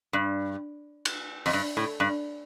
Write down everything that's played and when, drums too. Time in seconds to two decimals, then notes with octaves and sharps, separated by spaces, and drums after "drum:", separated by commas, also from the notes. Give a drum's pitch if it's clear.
0.13 G2
1.05 drum: cymbal
1.46 F2, drum: open hi-hat
1.53 G2
1.77 A2
2.00 G2